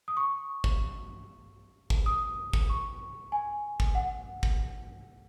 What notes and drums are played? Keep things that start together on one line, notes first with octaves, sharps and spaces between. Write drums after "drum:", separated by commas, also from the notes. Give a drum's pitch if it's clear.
D#6
C#6
drum: kick
drum: kick
D#6
drum: kick
C#6
G#5
drum: kick
F#5
drum: kick